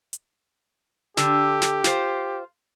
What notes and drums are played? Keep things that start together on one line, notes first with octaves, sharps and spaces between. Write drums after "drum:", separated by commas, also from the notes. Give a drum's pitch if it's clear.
drum: hi-hat
D3 G4, drum: snare
drum: snare
F4 C5, drum: snare